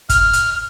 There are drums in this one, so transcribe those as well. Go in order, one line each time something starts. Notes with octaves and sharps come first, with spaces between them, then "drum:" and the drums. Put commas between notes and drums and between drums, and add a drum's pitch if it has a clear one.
F6, drum: kick, hi-hat
drum: hi-hat